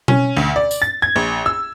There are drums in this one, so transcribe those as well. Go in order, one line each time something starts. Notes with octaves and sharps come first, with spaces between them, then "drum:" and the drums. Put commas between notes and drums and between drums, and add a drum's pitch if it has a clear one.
C#4, drum: tom B2
D2
D5
drum: tambourine
A6
G#6
A#1
E6